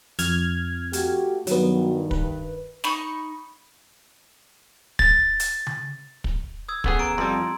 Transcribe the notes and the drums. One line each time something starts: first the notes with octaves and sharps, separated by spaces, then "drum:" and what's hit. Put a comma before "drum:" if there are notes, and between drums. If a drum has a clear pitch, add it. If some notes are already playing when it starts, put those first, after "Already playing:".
F2 F6 G#6, drum: hi-hat
A3 F#4 G4, drum: hi-hat
G2 D#3 F#3 B3, drum: hi-hat
B4, drum: kick
D#4 B5 C#6, drum: snare
A6, drum: kick
drum: hi-hat
drum: tom C#3
drum: kick
D#6 E6 G#6
A1 B3 G#4, drum: kick
A#5 D#6 D7
F2 G3 C6